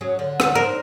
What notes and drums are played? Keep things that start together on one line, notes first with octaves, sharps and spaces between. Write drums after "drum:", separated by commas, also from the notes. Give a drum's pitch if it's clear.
F#3 C#4 G#4
D3
drum: rim click
D4 D#4 A#4 C5